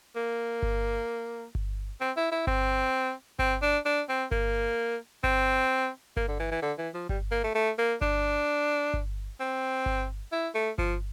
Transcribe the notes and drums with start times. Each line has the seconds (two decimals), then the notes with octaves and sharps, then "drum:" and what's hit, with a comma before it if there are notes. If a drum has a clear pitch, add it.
0.16 A#3
0.63 drum: kick G1
1.55 drum: kick G1
2.01 C4
2.16 E4
2.32 E4
2.47 C4, drum: kick G1
3.39 C4, drum: kick G1
3.62 D4
3.85 D4
4.09 C4
4.31 A#3, drum: kick G1
5.24 C4, drum: kick G1
6.17 A#3, drum: kick G1
6.28 D3
6.39 E3
6.51 E3
6.62 D3
6.78 E3
6.94 F3
7.09 G3, drum: kick G1
7.31 A#3
7.44 A3
7.55 A3
7.78 A#3
8.01 D4, drum: kick G1
8.94 drum: kick G1
9.40 C4
9.86 drum: kick G1
10.32 E4
10.55 A3
10.78 F3, drum: kick G1